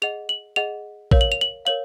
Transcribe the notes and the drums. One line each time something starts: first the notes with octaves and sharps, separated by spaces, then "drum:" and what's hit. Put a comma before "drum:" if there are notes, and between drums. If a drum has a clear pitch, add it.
G#4 D#5 F#5 F7
F#7
G#4 D#5 F#5 F7
A#4 C#5 F5, drum: kick A1
F#7
F7
F#7
A#4 C#5 F5 F#7